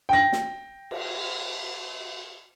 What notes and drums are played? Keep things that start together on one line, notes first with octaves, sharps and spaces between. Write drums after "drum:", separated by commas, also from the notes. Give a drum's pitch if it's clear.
G5 A#6
drum: snare
drum: cymbal